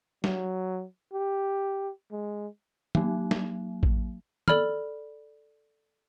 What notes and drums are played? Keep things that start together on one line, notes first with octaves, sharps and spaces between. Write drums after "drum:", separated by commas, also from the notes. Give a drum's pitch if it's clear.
F#3, drum: snare
G4
G#3
F#3 A#3, drum: tom
drum: snare
drum: kick A1
A4 D5 B5 F6, drum: tom